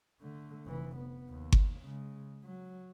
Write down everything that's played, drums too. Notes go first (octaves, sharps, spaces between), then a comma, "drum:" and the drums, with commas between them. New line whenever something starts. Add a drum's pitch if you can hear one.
D3 A3
F1 E3
B3
D#2
drum: kick G1
C#3 G#3
F#3